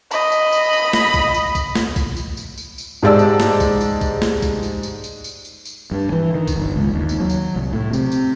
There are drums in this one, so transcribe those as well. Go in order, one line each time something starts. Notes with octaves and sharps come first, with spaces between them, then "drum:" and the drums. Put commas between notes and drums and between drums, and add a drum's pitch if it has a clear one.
D#5 B5, drum: tambourine
drum: tambourine
drum: tambourine
drum: tambourine
drum: snare
drum: kick A#1, tambourine
drum: tambourine
drum: kick A#1, tambourine
drum: snare
drum: kick A#1, tambourine
drum: tambourine
drum: tambourine
drum: tambourine
drum: tambourine
G#2 G#3 G4 D5 A5 E6
drum: tambourine
drum: snare
drum: kick A#1, tambourine
drum: tambourine
drum: kick A#1, tambourine
drum: snare
drum: kick A#1, tambourine
drum: tambourine
drum: tambourine
drum: tambourine
drum: tambourine
drum: tambourine
drum: tambourine
G2
E3
D#3
drum: kick A#1, tambourine
G1
C#2
D#2
drum: tambourine
F#3
drum: tambourine
C2
A2
C3, drum: tambourine
drum: tambourine